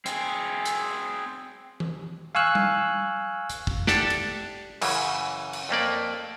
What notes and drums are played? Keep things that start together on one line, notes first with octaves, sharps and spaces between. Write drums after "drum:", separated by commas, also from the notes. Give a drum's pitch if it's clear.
C4 G#4, drum: hi-hat
drum: hi-hat
drum: tom E3
F5 G#5 C#6 E6 F#6
drum: tom G3
drum: hi-hat
drum: kick
D4 G4 A4 F#5 A5, drum: snare
drum: cymbal
F#2 C#3 E3, drum: cymbal
drum: cymbal
F2 A3 A#3 D5